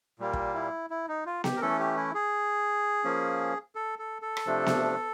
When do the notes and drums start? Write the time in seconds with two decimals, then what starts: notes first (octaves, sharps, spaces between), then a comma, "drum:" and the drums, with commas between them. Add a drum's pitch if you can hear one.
0.19 A#2 G3 A#3
0.33 drum: kick
0.54 E4
0.90 E4
1.08 D#4
1.26 F4
1.44 G4, drum: snare B3
1.56 A#4
1.61 E3 A3 C#4 A4
1.79 G4
1.96 E4
2.14 G#4
3.04 F3 A#3 C#4
3.75 A4
3.99 A4
4.22 A4
4.37 drum: rim click
4.46 C3 F3 A3 D4
4.66 drum: snare B3